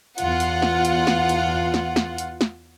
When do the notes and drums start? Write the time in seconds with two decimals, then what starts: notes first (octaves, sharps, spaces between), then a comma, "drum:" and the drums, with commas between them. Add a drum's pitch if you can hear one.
0.18 E2 F4 F#5, drum: hi-hat
0.40 drum: hi-hat
0.62 drum: snare
0.85 drum: hi-hat
1.07 drum: snare
1.29 drum: hi-hat
1.74 drum: snare
1.96 drum: snare
2.18 drum: hi-hat
2.41 drum: snare